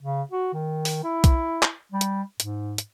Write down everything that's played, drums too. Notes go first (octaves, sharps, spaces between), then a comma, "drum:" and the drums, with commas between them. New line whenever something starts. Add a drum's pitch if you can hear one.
C#3
F#4
D#3
drum: open hi-hat
E4
drum: kick, hi-hat
drum: clap
G3
drum: hi-hat
G#2, drum: hi-hat
drum: hi-hat